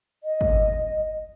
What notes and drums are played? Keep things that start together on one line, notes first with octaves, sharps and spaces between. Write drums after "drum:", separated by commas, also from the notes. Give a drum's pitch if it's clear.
D#5
drum: kick